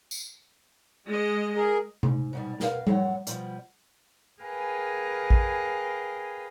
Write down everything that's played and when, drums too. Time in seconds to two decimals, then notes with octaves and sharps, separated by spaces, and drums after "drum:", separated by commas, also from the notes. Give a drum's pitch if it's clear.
0.11 drum: tambourine
1.06 G#3 D#5
1.55 G#4 A#4
2.03 G#2, drum: tom C3
2.33 G#2 B2 G3
2.60 B2 A#4 B4 F5, drum: snare
2.87 F#2 A2 F#3 C#5 F#5, drum: tom G3
3.27 B2 F3 G3, drum: hi-hat
4.42 G#4 A#4 B4 F5 G5 G#5
5.30 drum: kick